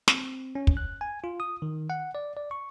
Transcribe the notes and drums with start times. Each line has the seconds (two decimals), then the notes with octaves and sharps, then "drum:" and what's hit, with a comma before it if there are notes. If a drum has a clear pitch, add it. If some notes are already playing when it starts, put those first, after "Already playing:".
0.08 C4, drum: snare
0.55 C#4
0.67 drum: kick
0.77 F#6
1.01 G#5
1.24 F4
1.40 D#6
1.62 D#3
1.90 F#5
2.15 D5
2.37 D5
2.51 C#6